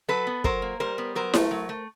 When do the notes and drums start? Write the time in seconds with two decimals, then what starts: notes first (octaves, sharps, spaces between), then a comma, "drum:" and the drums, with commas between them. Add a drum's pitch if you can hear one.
0.08 F#3 A4 B4
0.27 B3
0.44 F#3 A#4 C5, drum: kick
0.62 A#3
0.80 G3 A#4 C5
0.98 B3
1.15 F#3 A#4 C5
1.34 A3, drum: snare E4
1.51 F#3
1.69 A3